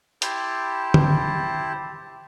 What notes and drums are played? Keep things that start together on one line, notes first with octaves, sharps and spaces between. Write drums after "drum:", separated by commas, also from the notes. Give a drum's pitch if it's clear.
E4 G4 C5 A5, drum: hi-hat
drum: tom